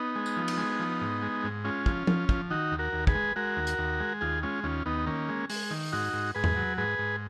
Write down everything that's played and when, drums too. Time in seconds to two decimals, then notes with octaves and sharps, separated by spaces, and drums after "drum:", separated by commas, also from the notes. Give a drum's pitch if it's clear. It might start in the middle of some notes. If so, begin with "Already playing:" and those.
Already playing: B3 D#4
0.16 G#3
0.26 drum: tambourine
0.37 F3
0.48 drum: cymbal
0.57 G#3
0.79 F3
1.01 G#2
1.22 G#3
1.44 G#2
1.64 G#3 C#4 F4
1.86 F3, drum: kick
2.07 F3, drum: tom F3
2.29 F3, drum: kick
2.50 D#3 D#4 F#4
2.71 D#2
2.79 F#4 A#4
2.93 D#2
3.07 G#4 B4, drum: kick
3.15 G#3
3.36 G#3 F#4 A#4
3.57 D#2
3.67 drum: hi-hat
3.78 D#2
4.00 G#3
4.21 D#2 F4 G#4
4.43 G#3 C#4 F4
4.64 D#2 C#4 F4
4.86 D#2 B3 D#4
5.07 D#3 A#3 C#4
5.29 G#3
5.50 G#3, drum: open hi-hat
5.71 D#3
5.83 drum: open hi-hat
5.92 G#2 D#4 F#4
6.13 G#2
6.35 G#2 G#4 B4
6.44 drum: tom E2
6.56 F#3
6.77 G#2 G#4 B4
6.99 G#2